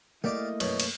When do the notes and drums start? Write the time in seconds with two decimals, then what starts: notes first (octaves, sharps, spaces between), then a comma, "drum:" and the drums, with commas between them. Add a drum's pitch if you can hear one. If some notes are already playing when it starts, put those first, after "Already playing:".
0.24 A3 A#3 E4 G4 D5 D#5 F5
0.60 F#2 B2, drum: cymbal
0.80 drum: cymbal